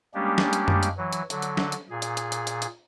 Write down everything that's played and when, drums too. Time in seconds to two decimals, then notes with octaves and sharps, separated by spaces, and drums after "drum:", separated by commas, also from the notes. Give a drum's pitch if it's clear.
0.14 G3 G#3 A#3 C#4 D4 G4
0.38 drum: snare
0.53 drum: hi-hat
0.68 drum: tom F#2
0.83 drum: hi-hat
0.98 E3 F#3
1.13 drum: hi-hat
1.30 D3 F#3, drum: hi-hat
1.42 drum: hi-hat
1.57 drum: snare
1.72 drum: hi-hat
1.90 A#2 G#4
2.02 drum: hi-hat
2.17 drum: hi-hat
2.32 drum: hi-hat
2.47 drum: hi-hat
2.62 drum: hi-hat